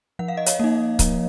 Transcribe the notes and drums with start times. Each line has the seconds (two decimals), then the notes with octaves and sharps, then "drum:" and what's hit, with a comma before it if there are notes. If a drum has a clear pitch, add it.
0.19 F3 F#5
0.28 F5
0.37 D#5
0.46 C#5 F5, drum: hi-hat
0.60 A#3 D#4
0.99 F3, drum: kick C#1, hi-hat